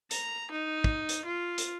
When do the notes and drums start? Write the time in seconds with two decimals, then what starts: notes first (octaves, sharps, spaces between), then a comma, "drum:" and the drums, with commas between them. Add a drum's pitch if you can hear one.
0.11 A#5, drum: hi-hat
0.51 D#4
0.84 drum: kick
1.09 drum: hi-hat
1.25 F4
1.58 drum: hi-hat